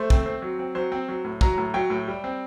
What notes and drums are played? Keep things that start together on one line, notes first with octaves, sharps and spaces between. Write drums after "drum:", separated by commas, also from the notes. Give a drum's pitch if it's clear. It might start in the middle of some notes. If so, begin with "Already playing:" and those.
Already playing: A3 C5
C4, drum: kick
C4
F#3
C4
F#3 C5
C4
F#3
A2
F#3 A#5, drum: kick
A2
F#3 G5
A2
G3
C4